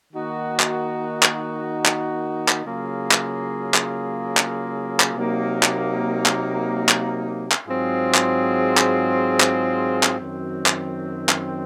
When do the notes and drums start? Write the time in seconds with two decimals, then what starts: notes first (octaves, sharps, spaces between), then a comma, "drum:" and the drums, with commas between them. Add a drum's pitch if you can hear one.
0.13 D#3 A#3 D#4 F#4
0.60 drum: clap
1.23 drum: clap
1.86 drum: clap
2.48 drum: clap
2.65 C#3 F#3 A#3 F4 G#4
3.11 drum: clap
3.74 drum: clap
4.37 drum: clap
5.00 drum: clap
5.15 C3 F#3 A#3 D#4
5.63 drum: clap
6.26 drum: clap
6.89 drum: clap
7.52 drum: clap
7.67 G#2 F#3 C4 F4 G#4
8.15 drum: clap
8.77 drum: clap
9.40 drum: clap
10.03 drum: clap
10.19 F#2 D#3 F#3 C4
10.66 drum: clap
11.29 drum: clap